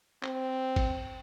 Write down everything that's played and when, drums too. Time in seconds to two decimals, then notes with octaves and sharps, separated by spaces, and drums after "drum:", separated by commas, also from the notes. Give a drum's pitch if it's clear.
0.23 C4, drum: clap
0.76 drum: kick G#1, cymbal